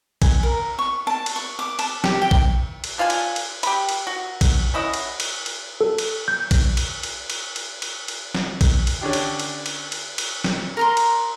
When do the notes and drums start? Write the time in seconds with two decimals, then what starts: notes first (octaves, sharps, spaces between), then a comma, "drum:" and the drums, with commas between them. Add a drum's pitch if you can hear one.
0.22 G#5, drum: kick, cymbal
0.43 A#4
0.79 C#6
1.07 A5
1.26 drum: cymbal
1.36 C#6
1.59 D6
1.79 A5, drum: cymbal
2.04 G4, drum: snare
2.22 G5
2.31 drum: kick
2.84 drum: cymbal
2.98 D3 F4 F5 G#5
3.10 drum: cymbal
3.36 drum: cymbal
3.63 G4 B5, drum: cymbal
3.89 drum: cymbal
4.07 F#4
4.41 drum: kick, cymbal
4.74 C#4 E4 D#5 F#5
4.94 drum: cymbal
5.20 drum: cymbal
5.46 drum: cymbal
5.81 A4
5.98 drum: cymbal
6.28 G6
6.51 drum: kick, cymbal
6.77 drum: cymbal
7.03 drum: cymbal
7.30 drum: cymbal
7.56 drum: cymbal
7.82 drum: cymbal
8.08 drum: cymbal
8.35 drum: snare
8.61 drum: kick, cymbal
8.87 drum: cymbal
9.01 D3 C#4 D4 G4
9.13 drum: cymbal
9.39 drum: cymbal
9.66 drum: cymbal
9.92 drum: cymbal
10.18 drum: cymbal
10.44 drum: snare
10.77 A#4 A#5 C6
10.97 drum: cymbal